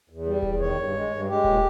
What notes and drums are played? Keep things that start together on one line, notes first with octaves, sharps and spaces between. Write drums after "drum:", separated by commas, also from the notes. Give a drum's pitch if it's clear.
E2
G3
E2, drum: kick D#1
D#3 C#5
G2
G#3
G2
G#3 G4
A#2, drum: kick D#1